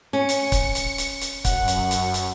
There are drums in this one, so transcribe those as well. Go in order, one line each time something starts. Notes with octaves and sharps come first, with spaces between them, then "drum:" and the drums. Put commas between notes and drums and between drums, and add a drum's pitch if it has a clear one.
C#4 C#7
drum: hi-hat
drum: kick C#1, hi-hat
drum: hi-hat
drum: hi-hat
drum: hi-hat
F#2 F#5, drum: kick C#1, hi-hat
drum: hi-hat
drum: hi-hat
drum: hi-hat